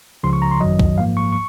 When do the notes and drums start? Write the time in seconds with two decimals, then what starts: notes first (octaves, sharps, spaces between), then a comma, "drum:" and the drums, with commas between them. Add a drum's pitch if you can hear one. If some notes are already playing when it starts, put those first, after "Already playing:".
0.23 C#2 C#3 F3 C6
0.33 C#6
0.42 A#5
0.51 C6
0.61 G#1 F#2 D#3 F#3 D#5
0.79 drum: kick C2
0.98 G#2 F3 A#3 F5
1.17 C#6
1.32 C#6